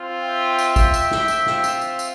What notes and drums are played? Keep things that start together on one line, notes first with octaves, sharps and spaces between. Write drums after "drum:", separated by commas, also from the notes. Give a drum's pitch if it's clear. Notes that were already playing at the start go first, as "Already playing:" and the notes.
Already playing: C4 F4
E5 G5
drum: tambourine
drum: kick, tambourine
drum: tambourine
drum: snare
C4 F4, drum: tambourine
drum: snare
drum: tambourine
drum: tambourine
drum: tambourine